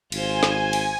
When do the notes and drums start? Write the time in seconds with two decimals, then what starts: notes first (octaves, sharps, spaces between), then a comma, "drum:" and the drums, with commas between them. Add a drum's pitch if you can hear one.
0.12 G#1 F4 C5 G#5, drum: cymbal
0.43 drum: snare
0.73 drum: cymbal